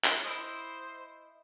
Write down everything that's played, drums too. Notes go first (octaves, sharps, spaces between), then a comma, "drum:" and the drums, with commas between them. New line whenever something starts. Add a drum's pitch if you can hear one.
drum: clap
E4 C5 D#5